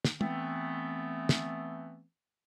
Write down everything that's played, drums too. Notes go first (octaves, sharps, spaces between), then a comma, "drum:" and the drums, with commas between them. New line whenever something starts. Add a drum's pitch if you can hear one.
drum: snare
E3 A3 B3 C4, drum: tom
drum: snare